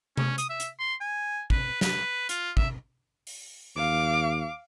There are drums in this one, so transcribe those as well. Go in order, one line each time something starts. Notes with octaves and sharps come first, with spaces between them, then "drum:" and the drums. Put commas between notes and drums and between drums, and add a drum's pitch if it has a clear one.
C#4, drum: tom C3
D#6, drum: hi-hat
E5
drum: hi-hat
C6
G#5
B4, drum: kick
B4, drum: snare
F4, drum: hi-hat
E5, drum: kick
drum: open hi-hat
D#2 F5 D6